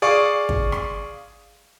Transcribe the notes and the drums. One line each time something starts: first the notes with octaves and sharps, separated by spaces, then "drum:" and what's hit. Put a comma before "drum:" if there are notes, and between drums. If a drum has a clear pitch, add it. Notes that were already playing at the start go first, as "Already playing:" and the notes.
G#4 D5 F5 C#6
drum: kick
drum: rim click